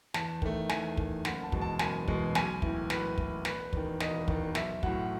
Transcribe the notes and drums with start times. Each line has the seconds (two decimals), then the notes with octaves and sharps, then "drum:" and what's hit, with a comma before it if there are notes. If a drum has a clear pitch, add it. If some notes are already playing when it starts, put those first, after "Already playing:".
0.14 E2 A5, drum: snare
0.42 D#3 A3, drum: kick
0.69 E2 G#5, drum: snare
0.97 D#3 A3, drum: kick
1.25 F#1 F#5, drum: snare
1.43 A5
1.52 E2 B2 G#3, drum: kick
1.61 A5
1.79 F#1 G#5, drum: snare
2.08 E2 B2 G#3, drum: kick
2.35 B1 G#5, drum: snare
2.62 A2 E3, drum: kick
2.90 B1 B4, drum: snare
3.18 A2 E3, drum: kick
3.45 E1 B4, drum: snare
3.73 E2 D#3, drum: kick
4.00 E1 D#5, drum: snare
4.28 E2 D#3, drum: kick
4.55 B1 E5, drum: snare
4.83 A2 F#3 F#5, drum: kick